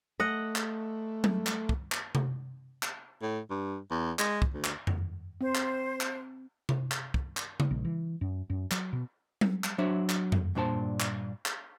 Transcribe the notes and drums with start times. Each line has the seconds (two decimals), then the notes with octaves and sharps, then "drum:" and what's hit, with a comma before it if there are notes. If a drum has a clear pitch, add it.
0.20 A3 D#5 F#5
0.56 drum: clap
1.24 drum: tom F#3
1.47 drum: clap
1.69 drum: kick
1.92 drum: clap
2.15 drum: tom C3
2.83 drum: clap
3.22 A2
3.50 G2
3.91 E2
4.19 G#3, drum: clap
4.42 drum: kick
4.53 D2
4.64 drum: clap
4.87 drum: tom F2
5.41 C4 C5
5.55 drum: clap
6.01 drum: clap
6.69 drum: tom C3
6.92 drum: clap
7.14 drum: kick
7.37 drum: clap
7.60 drum: tom C#3
7.71 A#1
7.85 E3
8.21 F#2
8.50 F#2
8.71 F#3, drum: clap
8.93 B2
9.41 drum: tom F#3
9.64 drum: clap
9.78 F#3 D4 C5 E5
10.09 drum: clap
10.32 drum: tom F2
10.55 G2 A#2 D4 C5 A5
11.00 drum: clap
11.46 drum: clap